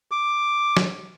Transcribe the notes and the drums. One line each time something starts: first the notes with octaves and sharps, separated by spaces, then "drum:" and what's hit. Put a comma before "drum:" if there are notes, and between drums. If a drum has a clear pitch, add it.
D6
drum: snare